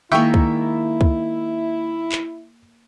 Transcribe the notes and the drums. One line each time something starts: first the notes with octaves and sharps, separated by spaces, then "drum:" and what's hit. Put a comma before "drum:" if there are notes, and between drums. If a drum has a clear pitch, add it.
D#3 G#3 A#3 E4 E5 G5 C#6
drum: kick
drum: kick
drum: clap